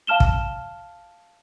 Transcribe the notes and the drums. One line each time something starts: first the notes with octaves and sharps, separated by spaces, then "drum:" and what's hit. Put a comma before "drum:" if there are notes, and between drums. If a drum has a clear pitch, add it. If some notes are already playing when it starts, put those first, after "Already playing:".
F5 A5 F6 E7 G7
drum: kick